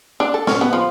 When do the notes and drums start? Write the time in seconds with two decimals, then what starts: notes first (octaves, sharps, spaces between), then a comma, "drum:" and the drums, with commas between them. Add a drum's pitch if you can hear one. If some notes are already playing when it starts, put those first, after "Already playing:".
0.20 D4
0.34 A4
0.47 C#4, drum: snare
0.61 B3
0.73 F3